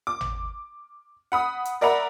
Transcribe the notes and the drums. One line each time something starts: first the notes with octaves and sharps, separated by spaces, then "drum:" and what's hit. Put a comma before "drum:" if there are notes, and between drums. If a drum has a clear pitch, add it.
D6
drum: tom
F#5 B5 D#6
drum: hi-hat
A#4 D5 E5 F#5 A#5 B5